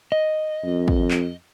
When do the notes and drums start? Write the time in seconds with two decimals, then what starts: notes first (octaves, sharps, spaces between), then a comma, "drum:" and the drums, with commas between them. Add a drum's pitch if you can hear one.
0.12 D#5
0.65 F2
0.88 drum: kick
1.11 drum: clap